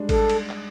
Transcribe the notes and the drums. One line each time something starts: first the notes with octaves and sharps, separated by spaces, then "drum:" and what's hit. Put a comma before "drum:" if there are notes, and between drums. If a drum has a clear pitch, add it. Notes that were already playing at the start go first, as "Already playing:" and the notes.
Already playing: G3 G#3 D4
A4, drum: kick G#1, cymbal
drum: cymbal
drum: clap